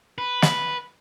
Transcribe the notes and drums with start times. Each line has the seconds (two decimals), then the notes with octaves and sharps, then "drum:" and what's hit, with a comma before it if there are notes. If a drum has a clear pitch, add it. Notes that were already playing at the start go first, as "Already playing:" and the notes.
0.18 B4
0.42 drum: snare